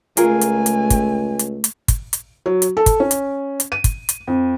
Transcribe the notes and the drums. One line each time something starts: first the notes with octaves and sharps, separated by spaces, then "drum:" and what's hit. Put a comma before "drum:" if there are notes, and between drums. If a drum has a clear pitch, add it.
C#2 A3 F4 G#4 A#4 G#5, drum: hi-hat
drum: hi-hat
drum: hi-hat
drum: kick, hi-hat
drum: hi-hat
drum: hi-hat
drum: kick, hi-hat
drum: hi-hat
F#3
drum: hi-hat
A4
drum: kick, hi-hat
C#4
drum: hi-hat
drum: hi-hat
D#7
drum: kick, hi-hat
drum: hi-hat
F2